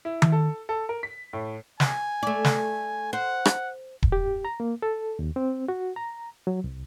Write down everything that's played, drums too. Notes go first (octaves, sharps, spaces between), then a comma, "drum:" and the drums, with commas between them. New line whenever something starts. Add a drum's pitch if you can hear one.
E4
drum: tom D#3
A4
A4
A#4
B6
A2
G#5, drum: snare
A3 D5
drum: snare
C5 F#5
drum: rim click
drum: kick D#1
G4
A#5
A#3
A4
D#2
C4
F#4
A#5
F#3
C2